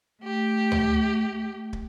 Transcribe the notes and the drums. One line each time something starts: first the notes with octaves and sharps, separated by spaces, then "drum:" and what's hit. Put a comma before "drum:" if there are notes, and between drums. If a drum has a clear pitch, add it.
A3 G4
drum: tom D2
drum: kick